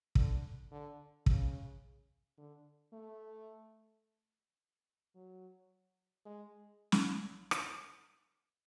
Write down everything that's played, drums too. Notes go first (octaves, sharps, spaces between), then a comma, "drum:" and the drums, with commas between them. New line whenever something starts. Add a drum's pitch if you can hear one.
D3, drum: kick
D3
C#3, drum: kick
D3
A3
F#3
G#3
drum: snare
drum: rim click